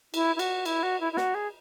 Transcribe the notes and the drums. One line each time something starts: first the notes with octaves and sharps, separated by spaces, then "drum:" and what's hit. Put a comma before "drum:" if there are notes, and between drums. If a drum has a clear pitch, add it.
E4, drum: cymbal
E4
F#4, drum: cymbal
E4, drum: cymbal
F#4
E4
E4
F#4, drum: snare
G#4